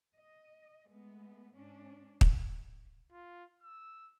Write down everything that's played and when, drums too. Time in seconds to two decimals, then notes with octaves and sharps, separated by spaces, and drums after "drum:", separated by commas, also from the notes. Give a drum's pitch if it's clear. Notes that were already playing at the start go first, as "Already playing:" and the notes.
0.15 D#5
0.87 G#3 A3 B3
1.55 G#2 C#4 D4
2.21 drum: kick
3.12 F4
3.63 E6